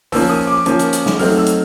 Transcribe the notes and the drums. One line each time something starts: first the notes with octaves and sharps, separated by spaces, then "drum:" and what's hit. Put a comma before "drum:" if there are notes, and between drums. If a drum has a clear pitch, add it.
F3 A#3 C#4 E6, drum: open hi-hat
D#6
D6
F3 A#3 C#4, drum: hi-hat
drum: hi-hat
drum: hi-hat
drum: snare
F#3 A3 C4 D#4 F6, drum: open hi-hat
E6
drum: hi-hat